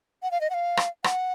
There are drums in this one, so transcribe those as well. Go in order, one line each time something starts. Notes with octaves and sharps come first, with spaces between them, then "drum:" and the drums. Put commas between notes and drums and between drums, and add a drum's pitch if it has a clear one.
F#5
F5
D#5
F#5
F5
drum: rim click
F#5, drum: rim click